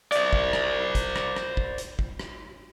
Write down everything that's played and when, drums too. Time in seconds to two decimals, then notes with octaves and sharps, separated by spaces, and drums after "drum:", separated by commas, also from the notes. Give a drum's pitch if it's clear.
0.12 C5 D5, drum: hi-hat
0.33 drum: kick
0.53 drum: rim click
0.95 drum: kick, hi-hat
1.16 drum: rim click
1.36 drum: rim click
1.57 drum: kick
1.78 drum: hi-hat
1.99 drum: kick
2.19 drum: rim click